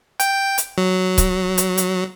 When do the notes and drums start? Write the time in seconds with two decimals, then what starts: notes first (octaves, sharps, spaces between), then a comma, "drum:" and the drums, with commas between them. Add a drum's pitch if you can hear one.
0.20 G5, drum: hi-hat
0.58 drum: hi-hat
0.78 F#3
1.18 drum: kick C#1, hi-hat
1.58 drum: hi-hat
1.77 drum: hi-hat